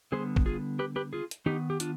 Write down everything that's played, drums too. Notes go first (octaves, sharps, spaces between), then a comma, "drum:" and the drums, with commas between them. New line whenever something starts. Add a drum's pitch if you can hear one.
D3 G3 B3 G#4 C5
drum: kick
F4 G#4
G4 B4
G4 B4
F4 G#4
drum: hi-hat
D#3 B3 D#4 G4
G4
D4 F4, drum: hi-hat